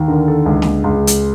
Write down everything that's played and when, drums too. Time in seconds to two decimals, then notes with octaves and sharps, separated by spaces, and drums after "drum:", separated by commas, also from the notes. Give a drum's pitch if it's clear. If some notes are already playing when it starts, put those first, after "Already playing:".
Already playing: D#2
0.08 D3 A#4
0.28 A4
0.46 C#2 G#4
0.62 drum: snare
0.84 C#2
1.07 drum: hi-hat